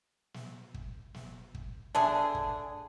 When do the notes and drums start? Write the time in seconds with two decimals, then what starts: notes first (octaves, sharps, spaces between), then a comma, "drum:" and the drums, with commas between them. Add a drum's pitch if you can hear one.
0.34 drum: snare
0.74 drum: kick
1.14 drum: snare
1.55 drum: kick
1.95 D3 A3 D4 G#4, drum: snare
2.35 drum: kick